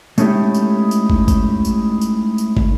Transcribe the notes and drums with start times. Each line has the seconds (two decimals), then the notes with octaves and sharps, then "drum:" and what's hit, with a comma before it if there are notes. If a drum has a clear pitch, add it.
0.18 G#3 A3 C#4 D#4 E4 G4, drum: tambourine
0.54 drum: tambourine
0.91 drum: tambourine
1.10 drum: kick
1.28 drum: kick, tambourine
1.65 drum: tambourine
2.01 drum: tambourine
2.38 drum: tambourine
2.57 drum: kick